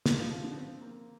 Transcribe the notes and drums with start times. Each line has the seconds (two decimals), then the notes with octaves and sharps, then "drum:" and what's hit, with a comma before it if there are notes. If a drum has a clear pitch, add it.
0.06 G3, drum: snare
0.18 F3
0.31 F3
0.44 D3
0.57 C4
0.81 A#3